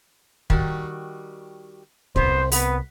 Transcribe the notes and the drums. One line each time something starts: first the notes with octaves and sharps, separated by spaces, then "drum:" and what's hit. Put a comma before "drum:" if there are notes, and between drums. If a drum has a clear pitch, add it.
D#3 G3 F#4, drum: kick
C2 F#3 B3 C5, drum: kick
B3 B4, drum: open hi-hat